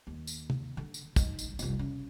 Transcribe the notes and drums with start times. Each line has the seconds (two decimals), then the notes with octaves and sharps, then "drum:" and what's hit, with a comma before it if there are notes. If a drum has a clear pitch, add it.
0.07 D#2
0.27 drum: tambourine
0.50 drum: tom
0.77 D3
0.94 drum: tambourine
1.16 G#3 D#4, drum: kick, tambourine
1.39 drum: tambourine
1.59 F1 C2, drum: tambourine
1.79 C#3